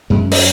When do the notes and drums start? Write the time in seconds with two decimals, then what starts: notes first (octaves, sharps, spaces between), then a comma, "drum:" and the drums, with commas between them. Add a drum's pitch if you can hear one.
0.10 F#2 G#3
0.32 F#3, drum: open hi-hat